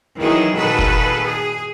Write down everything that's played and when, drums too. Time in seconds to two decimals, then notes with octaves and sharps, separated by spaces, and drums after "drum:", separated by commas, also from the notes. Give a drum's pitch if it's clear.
0.19 D#3 E3 F#3 D#4 E4 G#4
0.55 A#2 D#3 F#4 G#4 A4 B4
0.79 drum: kick
1.22 G#4